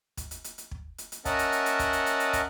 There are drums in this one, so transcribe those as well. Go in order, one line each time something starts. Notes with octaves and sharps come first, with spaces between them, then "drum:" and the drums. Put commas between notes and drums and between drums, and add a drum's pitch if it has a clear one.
drum: kick, hi-hat
drum: hi-hat
drum: hi-hat
drum: hi-hat
drum: kick
drum: hi-hat
drum: hi-hat
C#4 A#4 D#5 E5 F#5 A5, drum: kick, hi-hat
drum: hi-hat
drum: hi-hat
drum: hi-hat
drum: kick, hi-hat
drum: hi-hat
drum: hi-hat
drum: hi-hat
drum: kick, hi-hat